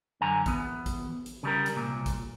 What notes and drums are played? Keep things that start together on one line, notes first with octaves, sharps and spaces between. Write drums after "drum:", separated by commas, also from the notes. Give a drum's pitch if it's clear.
F#2 D3 G#5 A#5
E3 B3, drum: kick G#1, hi-hat
drum: kick G#1, hi-hat
drum: hi-hat
C#3 G3 A#4
drum: hi-hat
C2 A#2
drum: kick G#1, hi-hat